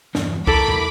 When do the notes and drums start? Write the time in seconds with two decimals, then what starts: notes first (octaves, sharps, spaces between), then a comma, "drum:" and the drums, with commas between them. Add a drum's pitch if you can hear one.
0.15 E2 G2, drum: snare
0.47 E4 A4 A#4 B5 D6, drum: kick C2
0.68 drum: tom